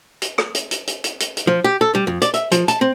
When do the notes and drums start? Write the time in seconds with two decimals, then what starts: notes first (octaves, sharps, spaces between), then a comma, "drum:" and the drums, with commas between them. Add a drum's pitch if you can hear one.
0.22 drum: hi-hat
0.38 drum: rim click
0.55 drum: hi-hat
0.71 drum: hi-hat
0.87 drum: hi-hat
1.04 drum: hi-hat
1.20 drum: hi-hat
1.37 drum: hi-hat
1.47 F3
1.64 G4
1.81 A4
1.95 G3
2.07 F2
2.22 D5, drum: hi-hat
2.34 E5, drum: hi-hat
2.52 F3, drum: hi-hat
2.68 A5, drum: hi-hat
2.81 C4